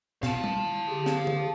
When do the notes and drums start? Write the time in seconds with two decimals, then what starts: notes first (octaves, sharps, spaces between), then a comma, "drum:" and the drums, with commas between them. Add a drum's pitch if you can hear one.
0.23 B2 F5 A5, drum: snare
0.44 drum: tom G3
0.89 D3 G4 G#4
1.06 drum: snare
1.27 drum: tom